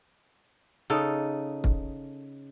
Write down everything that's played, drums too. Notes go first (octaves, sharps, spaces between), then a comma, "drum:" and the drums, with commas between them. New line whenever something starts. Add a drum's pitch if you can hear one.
C#3 D#4 A4
drum: kick